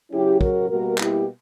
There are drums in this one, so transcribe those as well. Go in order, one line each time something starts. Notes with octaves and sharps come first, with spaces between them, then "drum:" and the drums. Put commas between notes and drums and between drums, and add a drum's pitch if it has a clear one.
C#3 F#3 C#4 E4 G4
F#4 A#4, drum: kick
B2 G3 A#3 F#4 A#4
E4 G4, drum: clap